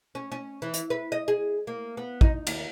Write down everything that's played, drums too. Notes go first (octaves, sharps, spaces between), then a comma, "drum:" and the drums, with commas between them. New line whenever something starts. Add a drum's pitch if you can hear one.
C#4
C#4
E3
drum: hi-hat
B4
D#5
G#4
A#3
B3
D#4, drum: kick
D#2, drum: cymbal